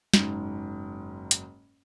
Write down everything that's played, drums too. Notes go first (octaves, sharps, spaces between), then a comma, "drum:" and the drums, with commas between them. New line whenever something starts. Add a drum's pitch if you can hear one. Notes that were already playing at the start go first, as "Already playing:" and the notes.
F#1 G#2, drum: snare
drum: hi-hat